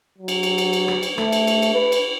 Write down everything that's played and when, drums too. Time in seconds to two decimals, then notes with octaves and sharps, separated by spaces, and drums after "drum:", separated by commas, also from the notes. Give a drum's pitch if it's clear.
0.18 F#3
0.28 drum: cymbal
0.43 drum: cymbal
0.58 drum: cymbal
0.73 drum: cymbal
0.88 drum: rim click
1.03 drum: cymbal
1.18 A3, drum: rim click
1.33 drum: cymbal
1.47 drum: cymbal
1.62 drum: cymbal
1.74 B4
1.92 drum: cymbal